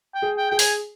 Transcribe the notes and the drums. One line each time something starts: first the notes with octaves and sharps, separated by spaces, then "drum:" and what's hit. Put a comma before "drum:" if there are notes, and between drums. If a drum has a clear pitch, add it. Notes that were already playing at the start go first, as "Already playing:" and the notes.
G5
G#4
G5
G#4 G5
G#5, drum: open hi-hat